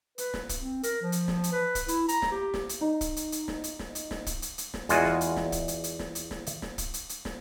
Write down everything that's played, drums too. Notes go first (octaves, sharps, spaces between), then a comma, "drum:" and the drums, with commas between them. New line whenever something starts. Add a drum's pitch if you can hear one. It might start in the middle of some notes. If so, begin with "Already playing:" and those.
B4, drum: hi-hat
drum: snare
drum: kick, hi-hat
C4
A#4, drum: hi-hat
F3
drum: hi-hat
drum: snare
drum: hi-hat
B4
drum: kick, hi-hat
E4, drum: hi-hat
A#5, drum: hi-hat
drum: snare
G4
drum: snare
drum: hi-hat
D#4
drum: kick, hi-hat
drum: hi-hat
drum: hi-hat
drum: snare
drum: hi-hat
drum: snare
drum: hi-hat
drum: snare
drum: kick, hi-hat
drum: hi-hat
drum: hi-hat
drum: snare
E2 G#3 F4 F#4 F#5 G#5, drum: hi-hat
drum: snare
drum: hi-hat
drum: snare
drum: kick, hi-hat
drum: hi-hat
drum: hi-hat
drum: snare
drum: hi-hat
drum: snare
drum: hi-hat
drum: snare
drum: kick, hi-hat
drum: hi-hat
drum: hi-hat
drum: snare